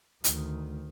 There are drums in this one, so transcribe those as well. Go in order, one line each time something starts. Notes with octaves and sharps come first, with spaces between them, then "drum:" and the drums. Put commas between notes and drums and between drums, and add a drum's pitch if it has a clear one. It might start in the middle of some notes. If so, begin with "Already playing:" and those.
D2 D#3, drum: hi-hat